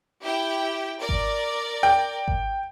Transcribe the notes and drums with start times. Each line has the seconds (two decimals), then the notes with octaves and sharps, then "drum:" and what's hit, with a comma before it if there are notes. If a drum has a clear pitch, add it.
0.21 E4 G4 G5
0.99 A#4 D5
1.09 drum: kick G#1
1.83 G5
2.28 drum: kick G#1